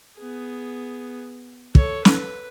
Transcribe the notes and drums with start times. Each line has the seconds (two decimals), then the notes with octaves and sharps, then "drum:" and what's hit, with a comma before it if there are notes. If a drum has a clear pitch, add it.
0.17 B3 G#4
1.75 A4 C#5, drum: kick
2.05 B4, drum: snare